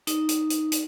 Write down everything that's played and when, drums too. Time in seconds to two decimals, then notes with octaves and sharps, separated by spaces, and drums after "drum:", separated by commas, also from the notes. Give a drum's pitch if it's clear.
0.07 D#4, drum: hi-hat
0.29 drum: hi-hat
0.50 drum: hi-hat
0.72 drum: hi-hat